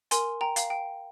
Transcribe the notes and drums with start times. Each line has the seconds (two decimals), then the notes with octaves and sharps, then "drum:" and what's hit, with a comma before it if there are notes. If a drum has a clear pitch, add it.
0.11 A#4 G#5 C6, drum: hi-hat
0.41 G5 A#5
0.56 F5, drum: hi-hat
0.70 G5